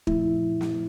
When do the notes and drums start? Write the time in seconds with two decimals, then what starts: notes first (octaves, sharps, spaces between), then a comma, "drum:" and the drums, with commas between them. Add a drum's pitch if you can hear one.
0.07 A#2 F3 A3 E4, drum: kick
0.61 drum: snare